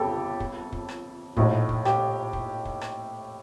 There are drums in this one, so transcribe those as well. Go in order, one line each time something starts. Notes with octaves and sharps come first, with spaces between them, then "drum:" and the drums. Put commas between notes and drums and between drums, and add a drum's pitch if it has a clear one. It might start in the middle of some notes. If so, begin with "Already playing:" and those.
Already playing: G1 F2 G4 A4
drum: kick
drum: kick
drum: rim click
A#1 A2 A3 D#4, drum: kick
drum: kick
G4, drum: rim click
drum: kick
drum: kick
drum: rim click